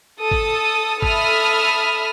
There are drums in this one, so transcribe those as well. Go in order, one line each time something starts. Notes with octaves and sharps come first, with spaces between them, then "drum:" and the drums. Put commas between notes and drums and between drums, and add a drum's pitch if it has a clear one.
A4 D#6
drum: kick G#1
A4 E5 B5 D#6 F6, drum: kick G#1